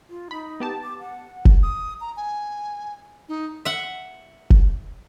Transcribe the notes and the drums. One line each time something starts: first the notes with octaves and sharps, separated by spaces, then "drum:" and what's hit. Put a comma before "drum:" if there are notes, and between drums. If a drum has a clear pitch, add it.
F4
D#4 B5
B3 G4 A5
D6
F#5
drum: kick F#1
D#6
A#5
G#5
D#4
E5 F#5
drum: kick F#1